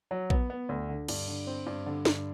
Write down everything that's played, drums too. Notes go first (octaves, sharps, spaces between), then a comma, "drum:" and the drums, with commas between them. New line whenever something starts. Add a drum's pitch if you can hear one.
F#3
B3, drum: kick A#1
B3
D2
D3
G2, drum: cymbal
D3
C4
G2
D3
G2, drum: snare